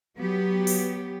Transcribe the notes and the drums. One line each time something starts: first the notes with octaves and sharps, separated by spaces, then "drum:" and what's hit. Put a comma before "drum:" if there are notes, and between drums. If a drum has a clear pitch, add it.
F#3 B3 G4
drum: open hi-hat